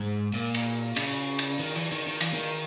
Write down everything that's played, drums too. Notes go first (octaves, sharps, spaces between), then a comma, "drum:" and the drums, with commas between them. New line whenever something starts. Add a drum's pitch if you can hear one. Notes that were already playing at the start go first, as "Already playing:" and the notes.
Already playing: G#2
A#2
drum: cymbal
C#3, drum: cymbal
drum: cymbal
D#3
E3
D#3
D#3
E3, drum: cymbal
D#3